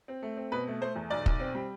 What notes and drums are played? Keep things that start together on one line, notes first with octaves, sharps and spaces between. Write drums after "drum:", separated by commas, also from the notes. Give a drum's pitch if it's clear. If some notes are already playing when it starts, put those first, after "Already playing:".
C4
A3
C4
B2 B4
A3
A3 C5
E2
B1 D5
B1, drum: kick
C4
G3